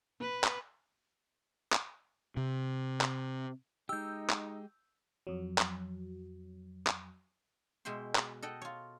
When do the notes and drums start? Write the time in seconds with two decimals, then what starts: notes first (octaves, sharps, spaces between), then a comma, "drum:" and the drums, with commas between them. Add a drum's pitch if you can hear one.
0.21 B4
0.44 drum: clap
1.72 drum: clap
2.37 C3
3.01 drum: clap
3.89 G#3 D#4 G4 D#5 E6 G6
4.30 drum: clap
5.27 F2 F#3
5.58 drum: clap
6.87 drum: clap
7.85 B2 G#3 E5 G5 C6
8.15 drum: clap
8.42 A4 D#5 F#5 G5
8.62 F4 C#5